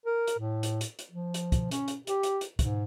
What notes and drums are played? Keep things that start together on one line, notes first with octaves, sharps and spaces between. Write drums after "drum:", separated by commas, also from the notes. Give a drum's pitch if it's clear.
A#4
drum: hi-hat
A2
drum: hi-hat
drum: hi-hat
drum: hi-hat
F3
drum: hi-hat
drum: kick, hi-hat
C#4, drum: hi-hat
drum: hi-hat
G4, drum: hi-hat
drum: hi-hat
drum: hi-hat
G#2, drum: kick, hi-hat